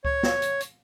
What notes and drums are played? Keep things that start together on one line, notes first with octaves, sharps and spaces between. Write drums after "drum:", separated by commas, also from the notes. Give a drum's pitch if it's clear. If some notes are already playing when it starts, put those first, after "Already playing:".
C#5, drum: kick C#2
drum: snare
drum: hi-hat
drum: hi-hat